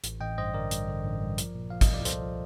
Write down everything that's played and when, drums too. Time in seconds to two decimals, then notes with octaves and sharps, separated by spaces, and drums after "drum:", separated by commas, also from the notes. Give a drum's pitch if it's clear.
0.04 A1, drum: hi-hat
0.21 A1 D#5 G5
0.37 G2 C5 D#5
0.54 D3 A#4 D5
0.71 G2, drum: hi-hat
0.88 D3
1.05 A1
1.22 G2
1.38 F3, drum: hi-hat
1.55 A#2
1.70 F3 F5
1.81 D#5, drum: kick, hi-hat
1.89 C2 D5
2.05 C2 A4 C5, drum: hi-hat
2.22 F3